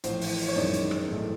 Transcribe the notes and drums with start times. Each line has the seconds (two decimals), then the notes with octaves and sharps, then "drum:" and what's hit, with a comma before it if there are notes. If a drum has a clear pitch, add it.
0.04 A1 A2 F3 C5, drum: hi-hat
0.21 drum: open hi-hat
0.39 drum: open hi-hat
0.48 C#5
0.56 F#2 D#3 G#3 D5
0.74 drum: hi-hat
0.91 drum: rim click
1.08 G#1 G#2 E3 A3